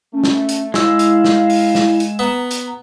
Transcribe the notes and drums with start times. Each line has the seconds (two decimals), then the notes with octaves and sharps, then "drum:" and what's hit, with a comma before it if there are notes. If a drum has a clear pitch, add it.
0.13 A3 C#4
0.24 drum: snare
0.49 drum: hi-hat
0.74 G#3 E4 F5 E6, drum: snare
0.99 drum: hi-hat
1.24 drum: snare
1.50 drum: open hi-hat
1.75 drum: snare
2.00 drum: hi-hat
2.19 B3 A#5
2.51 drum: hi-hat